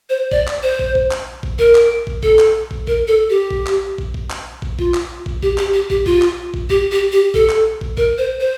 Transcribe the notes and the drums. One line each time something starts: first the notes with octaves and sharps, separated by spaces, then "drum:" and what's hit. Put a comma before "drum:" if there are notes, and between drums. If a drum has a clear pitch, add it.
C5
D5, drum: kick
drum: clap
C5
drum: kick
drum: kick
drum: clap
drum: kick
A#4, drum: kick
drum: clap
drum: kick
A4, drum: kick
drum: clap
drum: kick
A#4, drum: kick
A4
G4
drum: kick
drum: clap
drum: kick
drum: kick
drum: clap
drum: kick
F4, drum: kick
drum: clap
drum: kick
G4, drum: kick
G4, drum: clap
G4
G4, drum: kick
F4, drum: kick
drum: clap
drum: kick
G4, drum: kick
G4
G4
A4, drum: kick
drum: clap
drum: kick
A#4, drum: kick
C5
C5